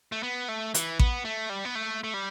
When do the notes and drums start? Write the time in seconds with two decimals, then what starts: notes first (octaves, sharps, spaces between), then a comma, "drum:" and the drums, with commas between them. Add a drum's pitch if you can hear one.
0.12 A3
0.23 B3
0.48 A3
0.74 E3, drum: hi-hat
0.99 B3, drum: kick A1
1.25 A3
1.50 G3
1.65 B3
1.75 A3
2.04 A3
2.14 G3